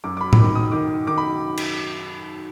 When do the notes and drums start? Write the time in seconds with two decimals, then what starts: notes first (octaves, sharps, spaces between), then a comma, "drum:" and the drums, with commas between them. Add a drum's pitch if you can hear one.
0.04 F#2 D6
0.17 D6
0.21 B5
0.33 B5, drum: tom A2
0.38 D#3 D6
0.55 D#6
0.72 D#3 D6
1.07 D#3 D6
1.18 B5
1.57 drum: cymbal